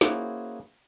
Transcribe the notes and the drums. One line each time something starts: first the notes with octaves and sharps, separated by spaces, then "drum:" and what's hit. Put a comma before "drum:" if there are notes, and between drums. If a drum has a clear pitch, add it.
A#3 C#4 E4 F#4 G#4 C5, drum: snare